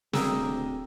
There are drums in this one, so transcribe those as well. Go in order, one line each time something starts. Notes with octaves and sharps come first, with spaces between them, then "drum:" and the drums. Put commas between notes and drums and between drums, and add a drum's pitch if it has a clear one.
D1 D2 C4 G4 G#4 A#4 G5 E6, drum: snare